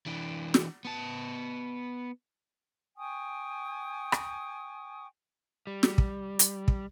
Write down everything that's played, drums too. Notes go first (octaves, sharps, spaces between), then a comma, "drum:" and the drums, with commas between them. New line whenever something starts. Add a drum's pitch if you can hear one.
E3 D4
drum: snare
B3 A5
G5 G#5 C#6 D#6
drum: rim click
G3
drum: snare
drum: kick
drum: hi-hat
drum: kick